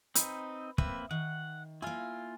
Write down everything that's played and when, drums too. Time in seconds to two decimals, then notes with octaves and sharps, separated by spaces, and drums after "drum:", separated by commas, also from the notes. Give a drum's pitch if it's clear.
0.15 C4 D#4 B4, drum: hi-hat
0.78 A#3 C4 B4 E5, drum: kick
1.11 D#3 F#5
1.82 A#3 E4 F4 G#5